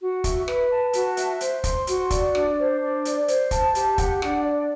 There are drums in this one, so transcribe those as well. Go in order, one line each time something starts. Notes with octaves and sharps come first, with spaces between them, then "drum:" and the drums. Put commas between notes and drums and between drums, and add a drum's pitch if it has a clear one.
F#4
E5, drum: kick, hi-hat
B4, drum: rim click
A5
F#4, drum: hi-hat
E5, drum: hi-hat
C5, drum: hi-hat
C6, drum: kick, hi-hat
F#4, drum: hi-hat
D5, drum: kick, hi-hat
D4, drum: rim click
C5
D4
D5, drum: hi-hat
C5, drum: hi-hat
A5, drum: kick, hi-hat
G4, drum: hi-hat
F#5, drum: kick, hi-hat
D4, drum: rim click
D5